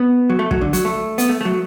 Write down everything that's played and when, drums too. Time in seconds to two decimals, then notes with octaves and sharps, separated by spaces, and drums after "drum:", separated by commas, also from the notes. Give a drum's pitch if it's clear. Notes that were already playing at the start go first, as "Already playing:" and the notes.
Already playing: B3
0.29 F#3
0.39 A3
0.51 F#3, drum: kick
0.61 D3
0.73 F#3, drum: hi-hat
0.85 A3
1.18 B3, drum: hi-hat
1.29 A3
1.41 A3
1.45 F#3